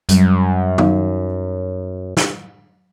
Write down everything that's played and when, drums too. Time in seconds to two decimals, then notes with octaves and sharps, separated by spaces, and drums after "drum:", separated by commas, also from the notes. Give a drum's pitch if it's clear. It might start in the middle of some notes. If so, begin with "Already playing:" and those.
0.09 F#2 F#3 G3, drum: hi-hat
0.78 F#3 D#4 F5, drum: tom
2.17 drum: snare